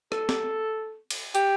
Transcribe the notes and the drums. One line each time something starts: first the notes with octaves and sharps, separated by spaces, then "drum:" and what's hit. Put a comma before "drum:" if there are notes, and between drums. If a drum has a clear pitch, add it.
A4, drum: rim click
drum: snare
drum: cymbal
G4, drum: hi-hat